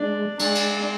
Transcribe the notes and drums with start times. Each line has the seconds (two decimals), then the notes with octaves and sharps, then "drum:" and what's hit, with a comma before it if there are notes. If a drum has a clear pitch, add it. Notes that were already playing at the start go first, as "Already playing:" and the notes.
Already playing: G#3 D4
0.39 G#3 D4, drum: cymbal
0.55 drum: cymbal